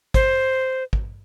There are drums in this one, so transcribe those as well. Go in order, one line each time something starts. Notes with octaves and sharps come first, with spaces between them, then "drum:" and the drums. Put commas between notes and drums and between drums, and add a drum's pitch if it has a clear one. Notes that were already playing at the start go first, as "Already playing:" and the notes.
C5, drum: kick
drum: kick